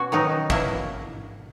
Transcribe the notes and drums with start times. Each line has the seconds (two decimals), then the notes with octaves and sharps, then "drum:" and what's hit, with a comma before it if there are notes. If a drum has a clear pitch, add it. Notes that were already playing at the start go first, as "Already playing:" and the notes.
Already playing: B2 C#4 F#4
0.12 D#3 F#3 B3 D#4
0.50 B2 F#3 A#3 E4 E5, drum: kick